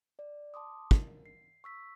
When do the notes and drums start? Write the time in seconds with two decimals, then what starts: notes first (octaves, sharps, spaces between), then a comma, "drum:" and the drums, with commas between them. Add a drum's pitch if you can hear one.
0.19 D5
0.54 A5 C6 D6 D#6
0.91 A#4, drum: kick
1.26 C7
1.64 C#6 E6 B6